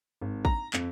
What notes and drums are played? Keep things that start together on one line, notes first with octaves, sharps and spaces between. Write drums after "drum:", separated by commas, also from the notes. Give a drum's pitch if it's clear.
G#1
A#5, drum: kick
F2, drum: clap